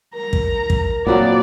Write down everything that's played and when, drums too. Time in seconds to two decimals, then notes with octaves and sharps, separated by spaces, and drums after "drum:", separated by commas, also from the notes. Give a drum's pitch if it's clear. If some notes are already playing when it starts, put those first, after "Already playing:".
0.15 A#4 A#5
0.33 drum: kick
0.70 drum: kick
1.07 A#2 F3 F#3 B3 C4 D5